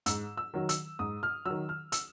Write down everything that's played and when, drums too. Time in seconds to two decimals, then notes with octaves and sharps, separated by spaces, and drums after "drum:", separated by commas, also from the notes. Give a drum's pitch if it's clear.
0.06 G#2 E6, drum: hi-hat
0.37 E6
0.54 D#3 F#3
0.69 E6, drum: hi-hat
0.99 G#2 D#6
1.23 F6
1.46 D#3 F#3 E6
1.69 F6
1.92 E6, drum: hi-hat